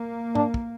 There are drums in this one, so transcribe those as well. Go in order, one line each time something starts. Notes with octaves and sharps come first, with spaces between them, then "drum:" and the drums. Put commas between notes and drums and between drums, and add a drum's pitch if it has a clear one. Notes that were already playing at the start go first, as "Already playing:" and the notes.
Already playing: A#3
D4, drum: tom
drum: kick